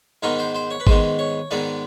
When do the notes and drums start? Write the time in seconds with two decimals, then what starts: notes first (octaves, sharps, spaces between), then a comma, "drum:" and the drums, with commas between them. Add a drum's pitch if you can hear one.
0.23 G#2 D#3 G#3 B3 A#4
0.39 C5
0.55 C5
0.71 C#5
0.80 B4
0.87 G#2 D#3 G#3 B3 C5, drum: kick G#1
1.19 C#5
1.51 G#2 D#3 G#3 B3 D5